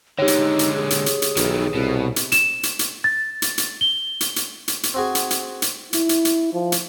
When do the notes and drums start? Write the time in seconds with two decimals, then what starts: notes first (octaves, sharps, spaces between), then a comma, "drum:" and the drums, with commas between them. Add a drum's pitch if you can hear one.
0.19 D3 G#3 D#4 G4 C#5
0.28 drum: hi-hat
0.59 drum: hi-hat
0.75 G#4
0.90 drum: hi-hat
1.06 drum: hi-hat
1.22 drum: hi-hat
1.37 B1 D#3 E3, drum: hi-hat
1.74 C2 B2
2.16 drum: hi-hat
2.32 E7, drum: hi-hat
2.63 drum: hi-hat
2.79 drum: hi-hat
3.04 A6
3.42 drum: hi-hat
3.58 drum: hi-hat
3.81 G7
4.21 drum: hi-hat
4.36 drum: hi-hat
4.68 drum: hi-hat
4.83 drum: hi-hat
4.94 C4 F#4 G#4
5.15 drum: hi-hat
5.31 drum: hi-hat
5.62 drum: hi-hat
5.93 E4, drum: hi-hat
6.09 drum: hi-hat
6.25 drum: hi-hat
6.53 F3
6.72 drum: hi-hat